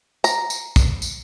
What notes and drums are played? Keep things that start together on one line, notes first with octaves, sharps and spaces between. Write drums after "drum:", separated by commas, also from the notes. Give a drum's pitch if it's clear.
A#5, drum: tambourine
drum: tambourine
drum: kick, tambourine
drum: tambourine